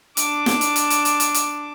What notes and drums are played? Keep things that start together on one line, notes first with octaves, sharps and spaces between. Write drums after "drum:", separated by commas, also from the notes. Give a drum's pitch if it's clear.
D4 D6, drum: hi-hat
drum: snare
drum: hi-hat
drum: hi-hat
drum: hi-hat
drum: hi-hat
drum: hi-hat
drum: hi-hat